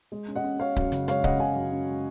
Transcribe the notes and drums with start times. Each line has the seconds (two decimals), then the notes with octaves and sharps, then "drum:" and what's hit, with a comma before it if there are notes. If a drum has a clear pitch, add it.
0.12 G#3
0.28 C#4
0.36 D#5 F#5
0.44 C#4
0.59 C#4 C#5 F5
0.76 F#2, drum: kick C#1
0.92 C#3, drum: hi-hat
1.08 G#3 C#5 F5, drum: hi-hat
1.24 C#3 D#5 F#5, drum: kick C#1
1.40 C#3 F5 G#5
1.56 F#2
1.72 C#4
1.88 G#3